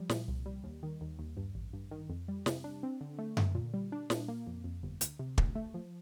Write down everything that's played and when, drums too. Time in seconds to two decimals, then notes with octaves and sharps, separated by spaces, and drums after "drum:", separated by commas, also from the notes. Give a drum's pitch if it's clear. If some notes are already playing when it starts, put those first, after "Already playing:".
Already playing: F3 G3
0.09 A#2, drum: snare
0.28 C2
0.46 G3
0.64 D#2
0.83 D#3
1.01 D#2
1.19 D#2
1.37 G2
1.55 A1
1.73 G2
1.91 D#3
2.10 F2
2.28 G3
2.46 C3, drum: snare
2.64 D4
2.83 C4
3.01 D3
3.19 A3
3.37 D3, drum: tom F#2
3.55 A#2
3.74 G3
3.92 D4
4.10 A#2, drum: snare
4.28 A#3
4.47 F2
4.64 F2
4.83 G1
5.01 D2, drum: hi-hat
5.19 C3
5.38 D2, drum: kick
5.55 A3
5.74 F3